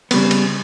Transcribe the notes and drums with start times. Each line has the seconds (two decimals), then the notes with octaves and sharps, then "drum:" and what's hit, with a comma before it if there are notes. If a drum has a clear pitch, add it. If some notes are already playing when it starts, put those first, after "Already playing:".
0.11 C#3 G3 B3, drum: cymbal
0.31 drum: cymbal